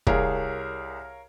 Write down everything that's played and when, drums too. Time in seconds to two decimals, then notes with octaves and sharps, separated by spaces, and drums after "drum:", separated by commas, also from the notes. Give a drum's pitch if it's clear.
0.07 C2 G#4 A#4 C#5 F5, drum: kick